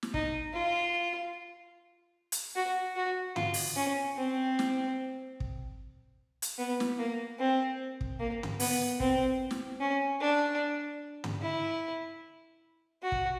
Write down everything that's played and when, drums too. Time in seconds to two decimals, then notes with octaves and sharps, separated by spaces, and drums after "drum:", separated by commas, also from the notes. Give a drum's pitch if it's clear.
0.03 drum: snare
0.14 D#4, drum: kick
0.53 F4
2.32 drum: hi-hat
2.56 F#4
2.96 F#4
3.36 F4, drum: tom
3.54 drum: open hi-hat
3.76 C#4
4.17 C4
4.59 drum: snare
5.40 drum: kick
6.42 drum: hi-hat
6.58 B3
6.80 drum: snare
6.99 A#3
7.39 C4
8.01 drum: kick
8.19 A#3
8.43 drum: tom
8.60 B3, drum: open hi-hat
9.00 C4, drum: kick
9.51 drum: snare
9.80 C#4
10.20 D4
11.24 drum: tom
11.41 E4
13.03 F#4
13.12 drum: kick